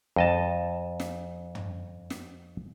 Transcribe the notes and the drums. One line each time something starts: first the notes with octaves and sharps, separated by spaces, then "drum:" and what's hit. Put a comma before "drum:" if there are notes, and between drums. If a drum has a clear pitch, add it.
F2 D#5 A5
drum: snare
drum: tom
drum: snare